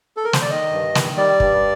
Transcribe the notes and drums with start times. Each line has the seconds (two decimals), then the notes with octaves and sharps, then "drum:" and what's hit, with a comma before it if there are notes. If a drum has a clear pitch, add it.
0.17 A4
0.24 A#4
0.33 C5, drum: snare
0.42 D5
0.50 D#3 D#5
0.72 G2
0.95 D#3, drum: snare
1.17 G3 D5
1.40 G2, drum: kick